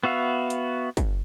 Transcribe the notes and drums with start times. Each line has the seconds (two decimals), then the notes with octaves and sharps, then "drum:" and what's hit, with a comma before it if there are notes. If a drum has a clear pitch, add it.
0.04 B3 F#4 E5 F5
0.50 drum: hi-hat
0.97 drum: kick, hi-hat